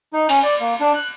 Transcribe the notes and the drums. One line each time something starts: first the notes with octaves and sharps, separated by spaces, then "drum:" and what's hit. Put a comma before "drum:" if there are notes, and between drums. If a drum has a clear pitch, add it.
D#4
C#4, drum: cymbal
D5
A#3
D4
F#6